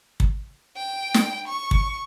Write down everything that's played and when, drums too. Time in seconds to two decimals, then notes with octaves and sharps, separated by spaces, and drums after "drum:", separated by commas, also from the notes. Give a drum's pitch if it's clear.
0.20 drum: kick
0.77 G5
1.14 drum: snare
1.47 C#6
1.71 drum: kick